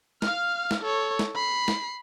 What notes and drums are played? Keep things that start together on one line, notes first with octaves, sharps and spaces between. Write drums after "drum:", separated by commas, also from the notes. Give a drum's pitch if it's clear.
F5 F6, drum: snare
drum: snare
A4 C#5
drum: snare
B5 C7
drum: snare